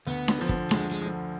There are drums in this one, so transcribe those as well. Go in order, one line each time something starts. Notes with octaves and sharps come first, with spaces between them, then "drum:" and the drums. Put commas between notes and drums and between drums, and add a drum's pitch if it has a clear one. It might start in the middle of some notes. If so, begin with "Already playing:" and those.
D2 B3
drum: snare D4
D3 F3
drum: kick
D2 G#3, drum: snare D4
G#3
D3 F3